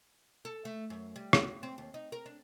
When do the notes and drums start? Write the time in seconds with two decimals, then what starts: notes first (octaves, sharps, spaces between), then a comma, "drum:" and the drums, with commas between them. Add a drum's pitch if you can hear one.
0.45 A4
0.65 A3
0.90 F#2
1.16 G3
1.33 F#4, drum: rim click
1.63 C4
1.78 D#2
1.94 D#4
2.12 A#4
2.26 D4